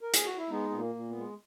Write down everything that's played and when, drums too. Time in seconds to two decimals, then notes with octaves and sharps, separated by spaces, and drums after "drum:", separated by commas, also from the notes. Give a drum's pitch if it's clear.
0.01 A#4
0.14 G#4, drum: hi-hat
0.25 F#4
0.38 E4
0.50 G#3 B3 D#4
0.70 A#2 B3
0.79 A#3
0.95 A#2
1.10 B3
1.17 G#3